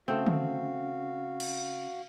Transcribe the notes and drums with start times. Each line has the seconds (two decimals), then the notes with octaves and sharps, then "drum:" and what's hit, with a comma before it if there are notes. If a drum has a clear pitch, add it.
0.08 C#3 A3 C4 F#4 F5
0.26 drum: tom D3
1.40 drum: cymbal